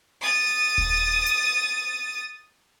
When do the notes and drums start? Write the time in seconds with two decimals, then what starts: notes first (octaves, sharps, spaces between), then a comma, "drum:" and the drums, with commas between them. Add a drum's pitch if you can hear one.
0.20 D#6 A6
0.78 drum: kick D#1
1.26 drum: hi-hat